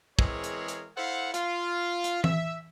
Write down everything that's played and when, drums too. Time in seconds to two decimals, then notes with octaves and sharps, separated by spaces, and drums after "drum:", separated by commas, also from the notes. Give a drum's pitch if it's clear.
0.19 E3 G#3 C4 G#4 A#4 C#5, drum: kick
0.44 drum: hi-hat
0.68 drum: hi-hat
0.97 E4 A4 C5 F5 F#5
1.34 F4, drum: hi-hat
2.04 drum: hi-hat
2.24 E5, drum: tom E3